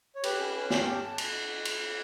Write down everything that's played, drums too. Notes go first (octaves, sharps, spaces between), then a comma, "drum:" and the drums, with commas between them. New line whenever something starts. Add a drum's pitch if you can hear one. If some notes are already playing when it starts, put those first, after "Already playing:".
C#5
G4 B4, drum: cymbal
C#4
C#4
C#4 G5, drum: snare
G4
A5
drum: cymbal
drum: cymbal